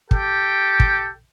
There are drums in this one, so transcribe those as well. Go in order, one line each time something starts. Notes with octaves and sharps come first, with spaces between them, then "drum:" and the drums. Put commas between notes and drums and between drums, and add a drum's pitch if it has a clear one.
G4 A4 G5, drum: kick
drum: kick